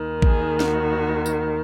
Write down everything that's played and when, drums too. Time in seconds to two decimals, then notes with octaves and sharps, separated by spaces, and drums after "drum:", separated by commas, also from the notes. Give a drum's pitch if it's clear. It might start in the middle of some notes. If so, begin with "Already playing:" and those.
Already playing: D#2 D#3
0.22 G#4, drum: kick A1
0.60 F#4, drum: snare
1.26 drum: tambourine